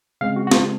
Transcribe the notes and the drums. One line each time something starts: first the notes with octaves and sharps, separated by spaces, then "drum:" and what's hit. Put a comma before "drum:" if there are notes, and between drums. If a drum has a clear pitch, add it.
C#3 G#3 C4 F5
F#4
F#4
F4, drum: snare